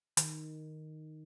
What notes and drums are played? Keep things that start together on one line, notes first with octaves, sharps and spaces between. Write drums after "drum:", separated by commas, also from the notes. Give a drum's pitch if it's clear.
D#3, drum: hi-hat